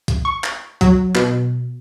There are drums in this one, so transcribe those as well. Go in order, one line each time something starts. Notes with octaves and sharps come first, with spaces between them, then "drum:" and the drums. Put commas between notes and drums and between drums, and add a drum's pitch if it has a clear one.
drum: kick, hi-hat
C#6
drum: clap
F#3, drum: kick, hi-hat
B2, drum: clap